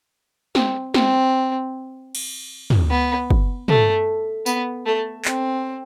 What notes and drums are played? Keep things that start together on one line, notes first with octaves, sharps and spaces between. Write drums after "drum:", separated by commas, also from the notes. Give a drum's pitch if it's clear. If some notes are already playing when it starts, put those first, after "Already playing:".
C4, drum: snare
C4, drum: snare
drum: cymbal
drum: tom
B3
drum: kick
A3, drum: tom
B3, drum: tambourine
A3
C4, drum: clap